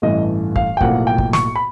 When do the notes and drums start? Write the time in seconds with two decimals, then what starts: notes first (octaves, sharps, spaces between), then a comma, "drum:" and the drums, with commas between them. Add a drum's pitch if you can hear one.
0.02 A1 G2 E3 A3 D#5
0.56 F5, drum: kick
0.77 G5
0.81 B1 A2 F3 A#3 F#5, drum: kick
1.07 G5
1.18 drum: kick
1.33 C#6, drum: snare
1.56 B5